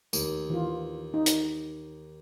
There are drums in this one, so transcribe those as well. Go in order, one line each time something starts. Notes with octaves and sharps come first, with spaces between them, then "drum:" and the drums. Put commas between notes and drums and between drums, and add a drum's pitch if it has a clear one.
D#2 A3, drum: tambourine
E3 F4
D#4
drum: hi-hat